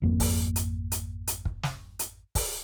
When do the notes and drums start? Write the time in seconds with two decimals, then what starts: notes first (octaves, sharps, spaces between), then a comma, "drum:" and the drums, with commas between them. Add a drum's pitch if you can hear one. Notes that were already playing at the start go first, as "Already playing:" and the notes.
0.02 G#1 F2 A#3
0.20 drum: kick, open hi-hat
0.56 drum: hi-hat
0.92 drum: hi-hat
1.27 drum: hi-hat
1.45 drum: kick
1.63 drum: snare
1.99 drum: hi-hat
2.35 drum: kick, open hi-hat